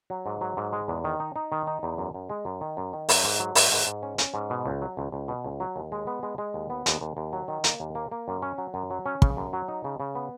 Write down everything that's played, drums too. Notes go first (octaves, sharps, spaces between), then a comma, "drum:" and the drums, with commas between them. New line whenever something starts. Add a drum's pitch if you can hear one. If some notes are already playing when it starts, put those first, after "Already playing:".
F#3
G#2
F#3
G#2
G#3
E2
D#3
D#4
D#4
D#3
D#4
E2
F#2
F#2
G#3
F#2
D#3
F#2
D#3
F#2, drum: open hi-hat
G#2
F#3
G#2, drum: open hi-hat
G#2
G#2
C#4
C#4, drum: hi-hat
G#2
B2
C#2
F#3
C#2
C#2
B2
C#2
F#3
D#2
G#3
B3
G#3
G#3
D#2
B3
D#2, drum: hi-hat
D#2
D#2
F#3
D#3
A#3, drum: hi-hat
D#2
A#3
A#3
F#2
C#4
F#3
F#2
F#3
C#4
C#3, drum: kick
F#2
F#3
D#4
C#3
C#3
B3